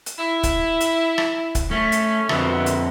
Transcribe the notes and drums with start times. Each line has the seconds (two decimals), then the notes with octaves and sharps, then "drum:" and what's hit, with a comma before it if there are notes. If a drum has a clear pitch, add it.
0.06 drum: hi-hat
0.18 E4
0.43 drum: kick, hi-hat
0.81 drum: hi-hat
1.18 drum: rim click
1.55 drum: kick, hi-hat
1.71 A3 C#4
1.92 drum: hi-hat
2.29 F2 B2 D3 E5, drum: rim click
2.66 drum: hi-hat